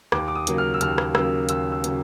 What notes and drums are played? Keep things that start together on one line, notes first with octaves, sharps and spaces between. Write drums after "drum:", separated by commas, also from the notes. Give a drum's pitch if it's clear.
D#2 D6, drum: rim click
D6
D#6
C#3 F#3 A#3, drum: hi-hat
F6
E6
D#2 F6, drum: hi-hat
drum: rim click
C#3 F#3 A#3 E6, drum: rim click
D#2 E6, drum: hi-hat
E6
C#3 F#3 A#3, drum: hi-hat